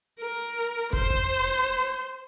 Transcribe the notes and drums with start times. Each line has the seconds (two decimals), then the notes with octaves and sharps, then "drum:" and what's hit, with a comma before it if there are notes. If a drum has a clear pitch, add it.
0.20 A#4, drum: hi-hat
0.93 C5, drum: kick
1.10 drum: kick
1.52 drum: hi-hat